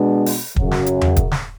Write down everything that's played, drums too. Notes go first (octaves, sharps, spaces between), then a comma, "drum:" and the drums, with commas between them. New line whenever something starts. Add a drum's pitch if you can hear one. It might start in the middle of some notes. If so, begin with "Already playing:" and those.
Already playing: B2 G#3 B3 D4
drum: open hi-hat
F#2 C#3 F#3, drum: kick
drum: snare
drum: hi-hat
drum: tom E2
drum: kick, hi-hat
drum: snare